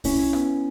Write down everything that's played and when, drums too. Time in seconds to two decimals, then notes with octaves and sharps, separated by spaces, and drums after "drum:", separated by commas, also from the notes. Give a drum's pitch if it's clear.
0.04 C#4 E4, drum: kick, open hi-hat
0.33 B3, drum: rim click